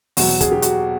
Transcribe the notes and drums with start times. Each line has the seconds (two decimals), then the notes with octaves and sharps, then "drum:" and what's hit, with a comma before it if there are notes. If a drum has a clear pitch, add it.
0.17 E2 B2 F#3 F#4, drum: open hi-hat
0.41 G#4, drum: kick, hi-hat
0.52 G4
0.62 F#4, drum: hi-hat